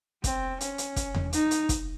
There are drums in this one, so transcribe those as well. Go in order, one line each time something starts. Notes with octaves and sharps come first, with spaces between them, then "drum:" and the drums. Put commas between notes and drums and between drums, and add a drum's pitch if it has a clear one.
C4, drum: kick, hi-hat
C#4, drum: hi-hat
drum: hi-hat
drum: kick, hi-hat
drum: tom E2
D#4, drum: hi-hat
drum: hi-hat
drum: kick, hi-hat